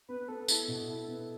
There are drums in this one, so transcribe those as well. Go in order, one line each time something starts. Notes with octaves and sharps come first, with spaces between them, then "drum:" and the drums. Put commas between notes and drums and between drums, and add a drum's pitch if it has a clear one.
B3 B4
B3 A4
E4 A4, drum: tambourine
B2
E4
B3